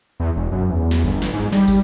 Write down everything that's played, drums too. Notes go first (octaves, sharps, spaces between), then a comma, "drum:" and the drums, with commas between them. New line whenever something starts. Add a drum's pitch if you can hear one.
E2
E1
F#2
E2
drum: snare
G1
drum: snare
G#2
G3, drum: snare
drum: kick, tambourine